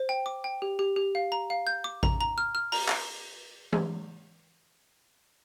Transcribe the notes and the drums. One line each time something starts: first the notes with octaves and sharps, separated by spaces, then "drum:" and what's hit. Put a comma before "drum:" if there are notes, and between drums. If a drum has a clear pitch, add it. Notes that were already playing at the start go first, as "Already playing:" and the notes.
Already playing: C5
G5
D6
G5
G4
G4
G4
F5
A#5
F5
G6
D6
A#5, drum: kick A1
A#5
F6
F6
A#5, drum: open hi-hat
drum: clap
drum: tom E3